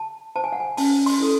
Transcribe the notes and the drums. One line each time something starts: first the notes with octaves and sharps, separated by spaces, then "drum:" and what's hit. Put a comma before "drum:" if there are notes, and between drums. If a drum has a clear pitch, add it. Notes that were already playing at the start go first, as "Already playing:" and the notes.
Already playing: A5
C5 A5
G#5
F#5
G#5
C#4 A5, drum: open hi-hat
C6, drum: open hi-hat
E4 A4